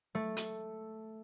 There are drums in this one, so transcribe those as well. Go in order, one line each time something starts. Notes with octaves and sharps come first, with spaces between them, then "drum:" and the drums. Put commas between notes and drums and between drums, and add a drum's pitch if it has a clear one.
A3
drum: hi-hat